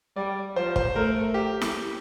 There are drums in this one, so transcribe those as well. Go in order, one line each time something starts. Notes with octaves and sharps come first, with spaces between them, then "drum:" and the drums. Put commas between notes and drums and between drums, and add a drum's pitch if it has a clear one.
G3 D5
F3 C5
C5, drum: kick
A3 A#4
G4
drum: snare E4